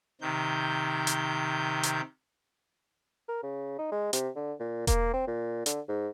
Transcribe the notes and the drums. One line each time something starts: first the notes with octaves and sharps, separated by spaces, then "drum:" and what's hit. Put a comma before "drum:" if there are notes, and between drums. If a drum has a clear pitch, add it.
C3 D#3 G6
drum: hi-hat
drum: hi-hat
A#4
C#3
D#4
G#3
C3, drum: hi-hat
D3
A#2
A#3, drum: kick E1, hi-hat
C4
A#2
D3, drum: hi-hat
G#2